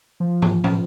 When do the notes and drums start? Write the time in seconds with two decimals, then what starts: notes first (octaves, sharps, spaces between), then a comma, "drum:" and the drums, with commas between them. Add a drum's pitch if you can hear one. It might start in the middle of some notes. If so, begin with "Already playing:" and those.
0.20 F3
0.42 drum: tom
0.64 drum: tom